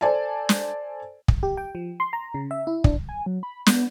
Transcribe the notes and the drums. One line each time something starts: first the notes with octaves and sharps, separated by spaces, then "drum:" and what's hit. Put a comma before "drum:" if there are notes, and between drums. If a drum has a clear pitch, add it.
A4 C5 D5 G#5 A5
drum: snare
drum: kick
G4
G5
F3
C6
A#5
C#3
E5
E4
D4, drum: kick
G#5
F#3
B5
B3, drum: snare